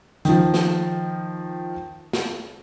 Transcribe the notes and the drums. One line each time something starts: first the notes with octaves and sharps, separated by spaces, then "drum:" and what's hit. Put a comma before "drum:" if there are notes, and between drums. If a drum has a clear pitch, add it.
D#3 F3, drum: hi-hat
drum: snare
drum: snare